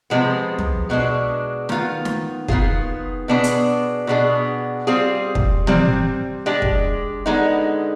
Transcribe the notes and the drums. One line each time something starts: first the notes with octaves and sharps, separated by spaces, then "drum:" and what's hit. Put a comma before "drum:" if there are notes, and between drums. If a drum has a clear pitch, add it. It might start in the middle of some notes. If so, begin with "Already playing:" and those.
C3 F3 G#3 B3
drum: tom
B2 G#3 D4
D#3 B3 F4, drum: snare
drum: snare
D#3 B3 F4 G#4, drum: kick
B2 B3 D4 G#4
drum: hi-hat
B2 B3 D4 G#4
G3 C4 F4 G#4
drum: kick
C3 G3 C4, drum: tom
G#3 D4 G4
drum: kick
D3 G#3 B3 D#4